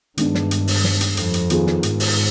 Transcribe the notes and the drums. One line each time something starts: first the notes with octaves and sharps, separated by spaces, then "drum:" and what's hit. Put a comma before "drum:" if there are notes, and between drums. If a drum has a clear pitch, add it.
G2 D#3 G#3 B3 D4, drum: hi-hat
drum: snare
drum: hi-hat
drum: open hi-hat
drum: snare
drum: hi-hat
F2, drum: hi-hat
drum: hi-hat
D#3 B3 F4 G#4, drum: hi-hat
drum: snare
G#2, drum: hi-hat
drum: open hi-hat